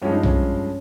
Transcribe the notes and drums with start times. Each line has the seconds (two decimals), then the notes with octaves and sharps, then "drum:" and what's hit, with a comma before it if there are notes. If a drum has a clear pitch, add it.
0.02 G2 F3 G#3 C#4
0.12 D#4
0.23 C#4, drum: tom B1